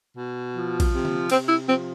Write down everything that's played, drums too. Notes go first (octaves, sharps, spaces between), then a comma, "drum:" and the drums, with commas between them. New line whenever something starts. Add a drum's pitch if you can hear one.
B2
F3
drum: kick A#1, cymbal
C3
drum: tom D3
C3 C4, drum: cymbal
E4
F3 C4